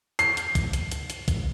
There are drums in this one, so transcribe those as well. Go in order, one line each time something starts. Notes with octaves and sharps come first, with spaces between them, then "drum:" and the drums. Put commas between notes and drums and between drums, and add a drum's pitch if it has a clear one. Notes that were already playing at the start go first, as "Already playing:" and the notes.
C7, drum: hi-hat
drum: hi-hat
drum: kick, hi-hat
drum: hi-hat
drum: hi-hat
drum: hi-hat
drum: kick, hi-hat